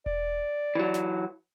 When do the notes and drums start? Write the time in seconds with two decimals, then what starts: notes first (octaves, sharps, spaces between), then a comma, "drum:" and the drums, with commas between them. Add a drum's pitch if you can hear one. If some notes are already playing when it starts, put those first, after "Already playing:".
0.06 D5, drum: kick E1
0.75 E3 F#3
0.94 drum: snare